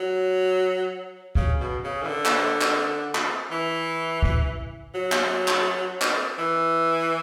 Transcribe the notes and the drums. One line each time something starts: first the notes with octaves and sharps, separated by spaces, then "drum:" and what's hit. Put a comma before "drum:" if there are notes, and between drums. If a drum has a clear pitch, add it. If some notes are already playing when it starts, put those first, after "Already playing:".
Already playing: F#3
C#3, drum: kick
B2
C#3
E3
D3
drum: clap
drum: clap
drum: clap
E3
drum: kick
F#3
drum: clap
drum: clap
drum: clap
E3